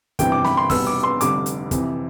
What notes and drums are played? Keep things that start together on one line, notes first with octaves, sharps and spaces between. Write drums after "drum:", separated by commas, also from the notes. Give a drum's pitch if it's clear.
G1 F2 C3 E3 G3 G5, drum: kick, hi-hat
D6
B5, drum: snare
C6
F1 E2 B2 G3 B3 E6, drum: kick, open hi-hat
D6
C6
F1 F2 D3 G3 D6, drum: hi-hat
drum: hi-hat
F2 C3 E3, drum: kick, hi-hat